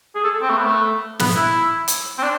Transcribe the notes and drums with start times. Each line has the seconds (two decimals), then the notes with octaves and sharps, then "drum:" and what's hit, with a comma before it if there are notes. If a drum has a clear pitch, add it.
0.15 G#4
0.24 A4
0.42 C4
0.50 A3
0.57 B3
0.65 A3
1.19 B3, drum: snare
1.36 E4
1.88 drum: hi-hat
2.18 C4
2.23 D4